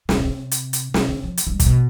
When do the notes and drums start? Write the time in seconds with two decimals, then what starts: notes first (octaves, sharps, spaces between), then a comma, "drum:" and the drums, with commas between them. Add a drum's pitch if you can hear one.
0.09 C3, drum: snare
0.17 B2
0.25 C3
0.51 drum: hi-hat
0.73 drum: hi-hat
0.94 C3, drum: snare
1.09 D3
1.23 F3
1.37 drum: hi-hat
1.47 F3
1.52 G3
1.60 C3, drum: kick, hi-hat
1.66 B2